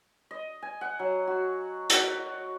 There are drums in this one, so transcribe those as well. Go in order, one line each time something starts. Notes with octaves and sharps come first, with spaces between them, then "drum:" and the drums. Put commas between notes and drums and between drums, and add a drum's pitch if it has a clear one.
D#5
G#5
F#5
F#3
F#4
F#4, drum: hi-hat